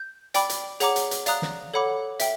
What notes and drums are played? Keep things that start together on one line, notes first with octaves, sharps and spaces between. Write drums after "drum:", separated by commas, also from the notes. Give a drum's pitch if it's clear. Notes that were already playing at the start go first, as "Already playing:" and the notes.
Already playing: G6
D5 G5 B5 D6, drum: hi-hat
drum: hi-hat
G#4 C#5 F#5 A#5 D6, drum: hi-hat
drum: hi-hat
drum: hi-hat
D5 F5 A#5 D#6 F#6, drum: hi-hat
drum: snare
A4 C#5 F#5 B5 D6
E5 G5, drum: hi-hat